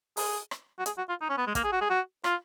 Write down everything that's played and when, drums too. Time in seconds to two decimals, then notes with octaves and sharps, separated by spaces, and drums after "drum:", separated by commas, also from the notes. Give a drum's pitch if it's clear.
0.17 G#4, drum: open hi-hat
0.51 drum: rim click
0.79 F#4
0.86 G#4, drum: hi-hat
0.97 F#4
1.09 F4
1.21 D#4
1.29 C#4
1.38 B3
1.47 G#3
1.55 A#3, drum: kick, hi-hat
1.64 G#4
1.72 F#4
1.81 G#4
1.90 F#4
2.24 F4, drum: rim click